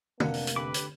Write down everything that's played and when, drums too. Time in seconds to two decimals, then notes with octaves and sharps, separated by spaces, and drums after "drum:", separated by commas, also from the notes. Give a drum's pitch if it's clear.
0.20 F1 C3 A#3 D4 F#5, drum: tom
0.34 drum: open hi-hat
0.47 drum: hi-hat
0.56 D3 G4 B4 B5 D6
0.74 drum: hi-hat